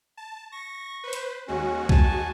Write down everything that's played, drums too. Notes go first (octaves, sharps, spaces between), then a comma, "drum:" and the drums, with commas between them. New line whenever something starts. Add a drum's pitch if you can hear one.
A5
C#6 A#6
B4 C5
drum: hi-hat
D#2 G#3 C#4 F#4
G#5 A5, drum: kick B1